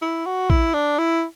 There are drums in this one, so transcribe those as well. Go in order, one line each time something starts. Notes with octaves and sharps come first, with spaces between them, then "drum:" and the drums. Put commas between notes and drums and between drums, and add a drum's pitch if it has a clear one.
E4
F#4
E4, drum: kick
D4
E4